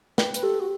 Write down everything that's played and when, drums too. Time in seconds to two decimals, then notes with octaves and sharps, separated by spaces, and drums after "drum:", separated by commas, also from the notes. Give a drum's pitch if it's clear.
0.18 B4 G5, drum: snare
0.34 B4, drum: hi-hat
0.43 G4 A4
0.60 F#4